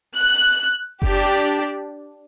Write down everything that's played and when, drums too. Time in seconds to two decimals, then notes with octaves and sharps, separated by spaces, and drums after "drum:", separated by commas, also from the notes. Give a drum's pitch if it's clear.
0.16 F#6
1.02 D4 G4, drum: kick F#1